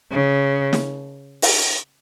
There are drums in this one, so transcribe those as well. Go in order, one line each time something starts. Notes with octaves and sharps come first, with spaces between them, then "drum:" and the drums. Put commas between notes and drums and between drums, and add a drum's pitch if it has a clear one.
C#3
drum: snare
drum: open hi-hat